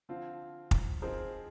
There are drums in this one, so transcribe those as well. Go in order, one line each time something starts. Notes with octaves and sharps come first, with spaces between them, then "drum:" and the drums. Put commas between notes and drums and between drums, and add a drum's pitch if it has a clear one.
D3 F3 C4 F4
drum: kick
F3 C4 D#4 G#4 A#4 C5